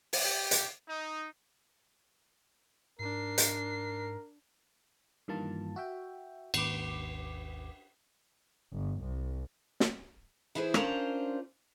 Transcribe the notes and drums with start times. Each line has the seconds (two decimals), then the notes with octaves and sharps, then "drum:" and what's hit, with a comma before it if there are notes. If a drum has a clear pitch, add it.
0.13 drum: open hi-hat
0.25 G4
0.51 drum: hi-hat
0.88 D#4
2.99 G#2 D4 A#4 C7
3.38 drum: hi-hat
5.28 G2 D#3 E3 A#3 F4 A5
5.76 F#4 E5 G5
6.54 G#1 D#2 B4 D6, drum: cymbal
8.73 G1
9.01 C2
9.80 drum: snare
10.55 E3 E4 G#4 B4 C5
10.74 C#4 D4 F4 A#4 C5, drum: rim click